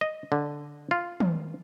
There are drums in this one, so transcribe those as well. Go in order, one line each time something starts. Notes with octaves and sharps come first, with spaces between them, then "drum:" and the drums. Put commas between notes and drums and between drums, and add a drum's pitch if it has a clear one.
D#5
D3
F4
drum: tom